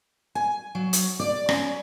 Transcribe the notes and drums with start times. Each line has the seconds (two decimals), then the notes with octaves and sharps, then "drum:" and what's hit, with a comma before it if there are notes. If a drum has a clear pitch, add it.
0.35 G#5
0.75 F#3
0.93 drum: hi-hat
1.20 D5
1.49 C#4, drum: rim click